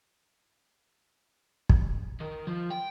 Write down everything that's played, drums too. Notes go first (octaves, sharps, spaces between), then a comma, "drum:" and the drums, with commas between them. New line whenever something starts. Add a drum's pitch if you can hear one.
drum: kick
D#3
F3
G5